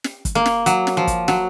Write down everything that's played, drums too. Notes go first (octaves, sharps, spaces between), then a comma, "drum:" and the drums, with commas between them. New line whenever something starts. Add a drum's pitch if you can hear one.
drum: snare
drum: kick, hi-hat
A#3
drum: snare
F#3, drum: hi-hat
drum: snare
F3
drum: kick, hi-hat
F#3, drum: snare